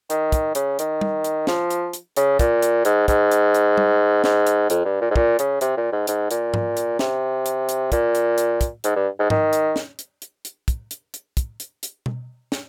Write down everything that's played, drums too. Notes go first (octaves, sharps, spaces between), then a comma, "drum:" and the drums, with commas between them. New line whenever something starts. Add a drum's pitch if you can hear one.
D#3, drum: hi-hat
drum: kick, hi-hat
C#3, drum: hi-hat
D#3, drum: hi-hat
drum: tom
drum: hi-hat
F3, drum: snare
drum: hi-hat
drum: hi-hat
C#3, drum: hi-hat
A#2, drum: kick, hi-hat
drum: hi-hat
G#2, drum: hi-hat
G#2, drum: kick, hi-hat
drum: hi-hat
drum: hi-hat
drum: tom
G#2, drum: snare
drum: hi-hat
F2, drum: hi-hat
G2
A#2
G#2
A#2, drum: kick
C#3, drum: hi-hat
C3, drum: hi-hat
A#2
G#2
G#2, drum: hi-hat
A#2, drum: hi-hat
drum: tom G#2
drum: hi-hat
C3, drum: snare
drum: hi-hat
drum: hi-hat
A#2, drum: kick, hi-hat
drum: hi-hat
drum: hi-hat
drum: kick, hi-hat
G#2, drum: hi-hat
G2
G#2
D#3, drum: tom G#2
drum: hi-hat
drum: snare
drum: hi-hat
drum: hi-hat
drum: hi-hat
drum: kick, hi-hat
drum: hi-hat
drum: hi-hat
drum: kick, hi-hat
drum: hi-hat
drum: hi-hat
drum: tom B2
drum: snare